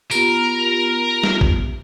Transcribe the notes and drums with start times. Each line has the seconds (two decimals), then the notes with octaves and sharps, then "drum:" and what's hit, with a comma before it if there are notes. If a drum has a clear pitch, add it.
0.11 B3 F4 G4 A#4, drum: tambourine
1.24 drum: snare
1.41 drum: kick G#1